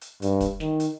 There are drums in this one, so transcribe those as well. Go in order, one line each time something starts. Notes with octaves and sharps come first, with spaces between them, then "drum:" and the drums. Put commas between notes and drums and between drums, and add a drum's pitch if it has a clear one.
drum: hi-hat
G2, drum: hi-hat
drum: kick, hi-hat
D#3, drum: snare
drum: hi-hat